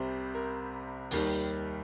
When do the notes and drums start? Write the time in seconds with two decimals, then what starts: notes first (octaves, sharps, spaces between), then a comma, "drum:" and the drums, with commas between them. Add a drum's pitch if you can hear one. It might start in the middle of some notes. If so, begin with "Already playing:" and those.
Already playing: C2 C3 G3 C5
0.35 A#4
1.11 D#2 D#3 G3, drum: open hi-hat